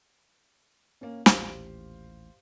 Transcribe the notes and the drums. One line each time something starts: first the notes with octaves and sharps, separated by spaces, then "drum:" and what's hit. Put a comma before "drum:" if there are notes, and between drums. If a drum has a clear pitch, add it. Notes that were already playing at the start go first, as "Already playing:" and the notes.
A#3 C#4
A1 D#2 A#2 G4 C5 F5, drum: snare